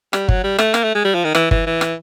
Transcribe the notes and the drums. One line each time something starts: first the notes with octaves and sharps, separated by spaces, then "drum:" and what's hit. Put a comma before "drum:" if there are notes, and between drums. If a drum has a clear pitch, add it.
G3, drum: rim click
F#3, drum: kick G1
G3
A3, drum: rim click
A#3, drum: rim click
A3
G#3
G3
F3
D#3
E3, drum: rim click
E3, drum: kick G1
E3
drum: rim click